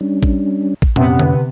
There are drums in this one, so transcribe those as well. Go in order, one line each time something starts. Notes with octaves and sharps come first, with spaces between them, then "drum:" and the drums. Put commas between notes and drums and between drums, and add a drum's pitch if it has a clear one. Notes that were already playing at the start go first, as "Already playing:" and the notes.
G3 C#4 D4
drum: kick A1
drum: kick A1
F2 C3 B3 C#4 F#5, drum: tom A#2
drum: tom D3